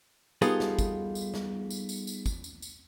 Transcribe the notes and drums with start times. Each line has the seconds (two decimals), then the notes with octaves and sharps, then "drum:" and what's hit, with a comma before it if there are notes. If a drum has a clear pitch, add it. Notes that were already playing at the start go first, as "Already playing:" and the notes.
0.42 G3 B3 D#4 F4 G#4 A4, drum: tambourine
0.60 drum: snare
0.79 drum: kick, tambourine
1.15 drum: tambourine
1.34 drum: snare
1.70 drum: tambourine
1.89 drum: tambourine
2.07 drum: tambourine
2.26 drum: kick, tambourine
2.44 drum: tambourine
2.62 drum: tambourine